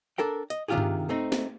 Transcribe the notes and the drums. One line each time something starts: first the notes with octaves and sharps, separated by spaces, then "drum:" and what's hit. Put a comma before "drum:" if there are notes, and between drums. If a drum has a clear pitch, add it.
D4 A4 A#4 G5
D#5, drum: hi-hat
C3 D#3 D4 F4 G4 G#4
drum: tom G2
A3 C4 D#4
drum: snare